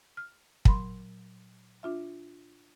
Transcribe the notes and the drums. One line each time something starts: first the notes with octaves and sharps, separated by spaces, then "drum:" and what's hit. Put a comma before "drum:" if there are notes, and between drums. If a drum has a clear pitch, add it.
F6
A#2 F#3 B5 C6, drum: kick
D4 F4 E5